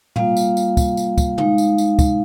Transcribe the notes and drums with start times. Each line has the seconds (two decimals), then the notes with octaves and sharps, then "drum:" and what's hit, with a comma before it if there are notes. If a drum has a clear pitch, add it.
0.16 G3 A#3 F4 F5, drum: tom A#2
0.37 drum: tambourine
0.57 drum: tambourine
0.77 drum: kick, tambourine
0.97 drum: tambourine
1.18 drum: kick, tambourine
1.38 G#3 D#4 F5, drum: tom
1.58 drum: tambourine
1.78 drum: tambourine
1.99 drum: kick, tambourine